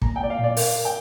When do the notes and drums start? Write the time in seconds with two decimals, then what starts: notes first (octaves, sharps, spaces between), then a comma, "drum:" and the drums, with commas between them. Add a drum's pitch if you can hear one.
0.02 A#3 A#5, drum: kick
0.16 G5
0.20 A#3 D5
0.30 F5
0.39 A#2
0.44 D5
0.57 A#4 F5, drum: open hi-hat
0.76 A#4
0.85 G5